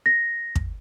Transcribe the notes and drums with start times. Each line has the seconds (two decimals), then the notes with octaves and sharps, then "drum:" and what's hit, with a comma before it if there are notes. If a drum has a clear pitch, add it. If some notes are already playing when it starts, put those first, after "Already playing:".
0.06 A#6
0.55 drum: kick